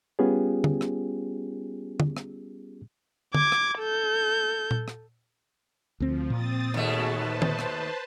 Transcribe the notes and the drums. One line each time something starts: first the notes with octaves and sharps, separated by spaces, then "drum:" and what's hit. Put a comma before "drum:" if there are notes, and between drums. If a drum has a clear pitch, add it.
G3 B3 C#4 F4 G4 G#4
drum: tom
drum: rim click
drum: tom
drum: rim click
D6 G#6, drum: tom
drum: rim click
A4 G6
drum: tom A#2
drum: rim click
D2 F3 C4
A#2 C4 D#6 A6
D#2 B2 A3 F#4 G#4 A5
B4 C5 A5
drum: tom
drum: rim click